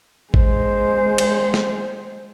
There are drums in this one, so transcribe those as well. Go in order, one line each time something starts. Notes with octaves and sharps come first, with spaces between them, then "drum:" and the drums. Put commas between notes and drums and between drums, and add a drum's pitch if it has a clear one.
G#3 C5, drum: kick G#1
drum: cymbal
drum: snare